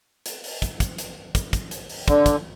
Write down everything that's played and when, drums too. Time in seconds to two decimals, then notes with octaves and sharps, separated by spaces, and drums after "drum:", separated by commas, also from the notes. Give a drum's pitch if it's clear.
0.26 drum: hi-hat
0.44 drum: open hi-hat
0.62 drum: kick, hi-hat
0.80 drum: kick, hi-hat
0.98 drum: hi-hat
1.35 drum: kick, hi-hat
1.53 drum: kick, hi-hat
1.71 drum: hi-hat
1.89 drum: open hi-hat
2.08 D3, drum: kick, hi-hat
2.26 drum: kick, hi-hat